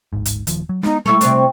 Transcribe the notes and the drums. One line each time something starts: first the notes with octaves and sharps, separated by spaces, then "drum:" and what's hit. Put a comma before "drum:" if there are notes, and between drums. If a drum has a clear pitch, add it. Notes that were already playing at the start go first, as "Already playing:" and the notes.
D1 G#1 G#2
drum: hi-hat
D#1 D#2 F3, drum: hi-hat
F#3
G#3 B3 D#4, drum: snare
G3 A3 E4 A4 C#6
C3 C4 D4, drum: hi-hat